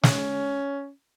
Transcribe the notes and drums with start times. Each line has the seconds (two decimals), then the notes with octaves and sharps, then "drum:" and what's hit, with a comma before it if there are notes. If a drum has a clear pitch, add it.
0.03 C#4, drum: snare